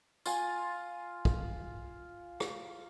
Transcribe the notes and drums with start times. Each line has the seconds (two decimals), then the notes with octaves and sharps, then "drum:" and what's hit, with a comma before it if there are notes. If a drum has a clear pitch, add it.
0.26 F4 G#5, drum: tambourine
1.25 drum: kick
2.40 drum: rim click